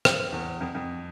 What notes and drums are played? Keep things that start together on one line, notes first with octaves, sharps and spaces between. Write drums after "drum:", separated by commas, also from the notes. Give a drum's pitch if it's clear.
drum: rim click
E2
F2
F2